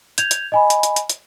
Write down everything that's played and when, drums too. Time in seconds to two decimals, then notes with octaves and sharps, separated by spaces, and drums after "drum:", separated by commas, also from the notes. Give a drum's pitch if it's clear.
0.18 G6 G#6 F7, drum: hi-hat
0.31 drum: hi-hat
0.52 D#5 G#5 B5
0.70 drum: hi-hat
0.83 drum: hi-hat
0.96 drum: hi-hat
1.10 drum: hi-hat